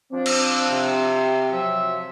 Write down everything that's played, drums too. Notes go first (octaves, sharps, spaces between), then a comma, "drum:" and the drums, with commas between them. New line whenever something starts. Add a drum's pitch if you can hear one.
F3 C4 D4
drum: cymbal
C3
F3 F#3 E5